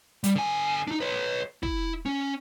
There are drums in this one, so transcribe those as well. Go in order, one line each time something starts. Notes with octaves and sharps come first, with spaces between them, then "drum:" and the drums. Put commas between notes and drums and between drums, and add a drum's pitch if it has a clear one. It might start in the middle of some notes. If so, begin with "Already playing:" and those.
G3, drum: hi-hat
D3 G#5
D4 D#4
B4 C#5
E4, drum: kick
C#4